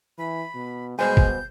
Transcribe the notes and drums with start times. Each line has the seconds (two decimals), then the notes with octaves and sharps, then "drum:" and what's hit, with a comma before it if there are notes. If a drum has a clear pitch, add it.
0.18 E3 B5
0.54 B2
0.99 B2 G3 G#3 C5 G#5 G6
1.17 drum: kick G1